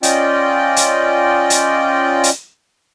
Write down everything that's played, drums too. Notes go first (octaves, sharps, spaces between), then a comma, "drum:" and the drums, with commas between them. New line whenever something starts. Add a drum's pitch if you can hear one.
C#4 F4 D5 D#5 G5, drum: hi-hat
drum: hi-hat
drum: hi-hat
drum: hi-hat